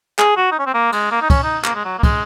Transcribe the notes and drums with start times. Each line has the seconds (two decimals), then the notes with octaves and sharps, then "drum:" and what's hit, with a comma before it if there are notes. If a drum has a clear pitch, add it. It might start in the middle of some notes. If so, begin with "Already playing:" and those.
0.19 G#4, drum: clap
0.37 F#4
0.52 D#4
0.59 C#4
0.67 C4
0.74 A#3
0.92 G#3, drum: cymbal
1.11 A#3
1.22 D#4
1.30 C#4, drum: kick, cymbal
1.44 D#4
1.64 A#3, drum: clap
1.75 G#3
1.85 F#3
1.99 A#3
2.03 G#3, drum: kick, cymbal